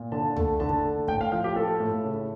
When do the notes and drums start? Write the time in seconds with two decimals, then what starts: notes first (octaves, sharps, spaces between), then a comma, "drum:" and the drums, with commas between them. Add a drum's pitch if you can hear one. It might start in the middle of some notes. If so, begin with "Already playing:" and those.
Already playing: A#2
0.12 D3 A5
0.37 A3, drum: tom
0.60 D3 A5
0.69 drum: kick
0.84 A3
1.08 A2 G5, drum: kick
1.21 F5
1.32 F3 F5
1.44 G4
1.55 A3 A4
1.80 A2
2.04 C#3